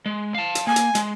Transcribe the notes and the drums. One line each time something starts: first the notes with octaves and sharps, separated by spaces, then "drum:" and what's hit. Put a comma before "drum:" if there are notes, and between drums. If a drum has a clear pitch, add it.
G#3
F5 A5
drum: hi-hat
A#3 G#5
drum: hi-hat
G#3, drum: hi-hat